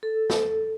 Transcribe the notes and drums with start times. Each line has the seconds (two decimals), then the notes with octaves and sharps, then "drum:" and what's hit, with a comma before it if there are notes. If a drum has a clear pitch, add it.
0.03 A4
0.30 drum: snare